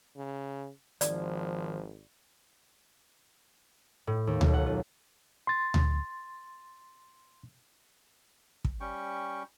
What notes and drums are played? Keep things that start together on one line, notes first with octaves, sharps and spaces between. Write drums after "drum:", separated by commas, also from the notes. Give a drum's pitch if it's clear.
C#3
G#1 D#3 F3 D5, drum: hi-hat
A2
D#2
B1, drum: tom D2
F#5
F4
C6 A6
drum: tom D2
drum: kick
G3 C#4 G5 C#6